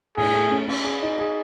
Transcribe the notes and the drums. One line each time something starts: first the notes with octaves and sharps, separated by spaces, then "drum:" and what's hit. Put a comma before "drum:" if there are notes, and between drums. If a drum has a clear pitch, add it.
A2 G#4, drum: cymbal
A3
C#4
C#4, drum: cymbal
G#4
D#4
G#4